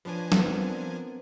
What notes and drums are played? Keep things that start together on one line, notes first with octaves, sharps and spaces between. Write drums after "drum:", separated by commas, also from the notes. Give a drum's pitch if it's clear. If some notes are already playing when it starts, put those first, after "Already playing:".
F3 D4 B4 C#5 G#5
B3 C4 A#4, drum: snare